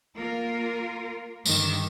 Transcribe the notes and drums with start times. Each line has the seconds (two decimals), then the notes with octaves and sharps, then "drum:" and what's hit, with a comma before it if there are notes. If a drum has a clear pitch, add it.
0.16 A#3 F4 A#4
1.46 G2 D3 D#3, drum: tambourine